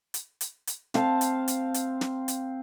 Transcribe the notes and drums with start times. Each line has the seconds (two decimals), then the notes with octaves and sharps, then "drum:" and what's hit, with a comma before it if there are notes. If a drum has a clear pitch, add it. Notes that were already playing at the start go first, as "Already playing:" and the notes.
0.14 drum: hi-hat
0.41 drum: hi-hat
0.67 drum: hi-hat
0.94 C4 F5 A5, drum: snare
1.21 drum: hi-hat
1.48 drum: hi-hat
1.74 drum: hi-hat
2.01 drum: snare
2.28 drum: hi-hat